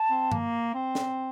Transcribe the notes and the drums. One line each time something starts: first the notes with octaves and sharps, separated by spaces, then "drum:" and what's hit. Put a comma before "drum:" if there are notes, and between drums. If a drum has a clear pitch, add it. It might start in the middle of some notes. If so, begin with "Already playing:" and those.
Already playing: A5
C4
A#3, drum: tom G2
C4
drum: snare